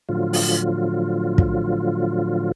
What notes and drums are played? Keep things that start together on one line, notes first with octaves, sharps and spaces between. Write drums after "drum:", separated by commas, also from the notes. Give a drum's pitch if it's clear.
A2 D3 F3 F#3 F4
drum: open hi-hat
drum: kick